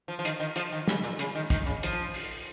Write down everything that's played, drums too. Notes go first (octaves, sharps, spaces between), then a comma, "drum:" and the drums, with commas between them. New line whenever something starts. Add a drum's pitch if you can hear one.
F3
F3
D#3, drum: hi-hat
D#3
F3, drum: hi-hat
D#3
C#3, drum: snare
A#2
C#3, drum: hi-hat
D#3
D#3, drum: kick, hi-hat
C#3
F3, drum: hi-hat
drum: open hi-hat